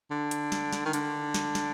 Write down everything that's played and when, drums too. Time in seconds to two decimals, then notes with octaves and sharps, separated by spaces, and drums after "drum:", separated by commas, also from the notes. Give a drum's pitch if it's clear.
0.11 D3
0.31 drum: hi-hat
0.52 drum: snare
0.73 drum: snare
0.85 D#3
0.93 D3, drum: hi-hat
1.34 drum: snare
1.55 drum: snare